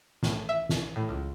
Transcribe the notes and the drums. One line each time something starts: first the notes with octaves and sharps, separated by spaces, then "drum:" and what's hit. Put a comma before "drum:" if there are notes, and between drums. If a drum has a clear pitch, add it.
A2, drum: snare
E5
drum: snare
A2
C#2